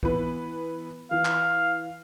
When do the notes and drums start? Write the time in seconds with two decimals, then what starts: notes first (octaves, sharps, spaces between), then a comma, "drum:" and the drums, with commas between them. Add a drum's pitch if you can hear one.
0.03 E3 B3 B4, drum: kick
1.11 E3 F5
1.25 drum: clap